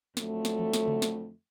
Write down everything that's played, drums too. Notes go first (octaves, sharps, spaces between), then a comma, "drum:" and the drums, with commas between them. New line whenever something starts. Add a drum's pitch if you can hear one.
F2 D3 F#3 A3, drum: snare
drum: snare
drum: tom E3
drum: snare
drum: tom C#3
drum: snare